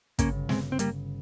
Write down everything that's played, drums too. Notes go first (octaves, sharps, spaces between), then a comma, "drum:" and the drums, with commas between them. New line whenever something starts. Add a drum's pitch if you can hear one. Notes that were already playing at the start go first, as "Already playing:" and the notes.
G1 F2 C#3 A#3 C#4, drum: kick, hi-hat
G#3 C4, drum: snare
C4
G3 A#3, drum: hi-hat